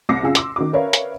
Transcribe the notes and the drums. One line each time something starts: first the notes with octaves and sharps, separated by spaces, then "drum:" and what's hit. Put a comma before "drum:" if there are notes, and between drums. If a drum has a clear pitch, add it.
C2 D6 A#6 C7 C#7
F#2 C#3 F4 G#4 E6 A#6
C6 D6 E6, drum: hi-hat
D#3 F#4 D6
A#4 B4 C#5 D5 E5 F5
drum: hi-hat